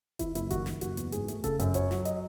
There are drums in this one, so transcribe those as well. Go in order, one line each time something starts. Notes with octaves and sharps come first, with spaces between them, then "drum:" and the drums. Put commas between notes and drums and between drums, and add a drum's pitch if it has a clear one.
E3 E4, drum: kick F1, hi-hat
F#1 E4, drum: hi-hat
D#3 F#4, drum: kick F1, hi-hat
D#3, drum: snare
F#1 F#4, drum: hi-hat
E2, drum: hi-hat
G#2 G#4, drum: hi-hat
A3, drum: hi-hat
C#3 A4, drum: kick F1, hi-hat
F#2, drum: hi-hat
F#3 C#5, drum: kick F1, hi-hat
F#3, drum: snare
D#5, drum: hi-hat